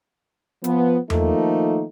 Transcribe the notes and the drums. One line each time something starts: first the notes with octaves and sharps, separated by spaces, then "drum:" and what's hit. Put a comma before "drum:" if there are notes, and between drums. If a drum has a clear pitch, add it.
F3 B3, drum: hi-hat
D#3 F3 A3 A#3 D#4 A4, drum: tom E2